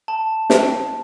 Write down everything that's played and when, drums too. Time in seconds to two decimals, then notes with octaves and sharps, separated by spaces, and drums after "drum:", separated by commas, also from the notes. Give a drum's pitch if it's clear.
0.08 A5
0.50 drum: snare